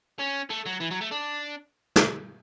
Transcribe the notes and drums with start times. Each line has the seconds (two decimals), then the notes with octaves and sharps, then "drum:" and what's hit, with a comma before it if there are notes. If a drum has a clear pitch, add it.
0.19 C#4
0.50 A3
0.66 F#3
0.80 E3
0.91 F#3
1.01 A3
1.11 D4
1.96 drum: snare